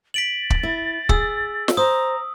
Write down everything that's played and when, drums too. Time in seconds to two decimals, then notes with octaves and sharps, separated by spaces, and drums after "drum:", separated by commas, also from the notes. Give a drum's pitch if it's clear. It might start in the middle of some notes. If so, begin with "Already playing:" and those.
0.14 A6 B6 D7 F#7
0.50 drum: kick
0.63 E4
1.09 G#4 E6, drum: kick
1.68 drum: snare
1.77 C5 A#5 D#6